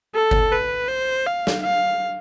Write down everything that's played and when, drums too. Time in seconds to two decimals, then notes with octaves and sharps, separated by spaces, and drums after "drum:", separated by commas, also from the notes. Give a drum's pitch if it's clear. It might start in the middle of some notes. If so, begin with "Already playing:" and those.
0.15 A4
0.31 drum: kick G1
0.52 B4
0.89 C5
1.27 F5
1.47 drum: snare
1.63 F5